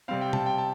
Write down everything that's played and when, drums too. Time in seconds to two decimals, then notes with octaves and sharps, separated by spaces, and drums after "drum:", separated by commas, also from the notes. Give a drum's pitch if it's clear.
0.08 C3 G3 C4 F5
0.21 G5
0.33 A5, drum: tom B2
0.46 G5
0.58 A5